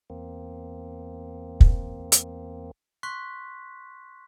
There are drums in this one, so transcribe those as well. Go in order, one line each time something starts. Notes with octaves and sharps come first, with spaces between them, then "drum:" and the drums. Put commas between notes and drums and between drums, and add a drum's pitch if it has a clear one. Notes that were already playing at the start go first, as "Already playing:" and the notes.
E2 A#3 C4
drum: kick
drum: hi-hat
C6 C#6 F#6 B6